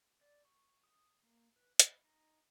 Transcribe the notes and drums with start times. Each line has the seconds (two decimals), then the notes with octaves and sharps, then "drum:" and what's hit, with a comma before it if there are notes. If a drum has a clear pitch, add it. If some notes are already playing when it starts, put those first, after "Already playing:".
0.21 D5
0.45 C#6
0.84 D#6
1.23 A#3
1.56 B4
1.80 B5, drum: hi-hat
2.04 D#4